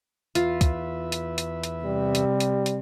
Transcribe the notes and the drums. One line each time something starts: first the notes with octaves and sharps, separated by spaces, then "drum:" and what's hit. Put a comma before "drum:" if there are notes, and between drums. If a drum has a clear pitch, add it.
E2 F4 B4 E5, drum: hi-hat
drum: kick, hi-hat
drum: hi-hat
drum: hi-hat
drum: hi-hat
C3 G3
drum: hi-hat
drum: hi-hat
drum: hi-hat